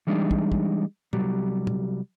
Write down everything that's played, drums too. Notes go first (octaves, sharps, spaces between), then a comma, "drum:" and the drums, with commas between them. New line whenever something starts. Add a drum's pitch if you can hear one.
E3 G3 G#3 D4 D#4
drum: kick
drum: kick
C2 F#3 G3, drum: tom
drum: tom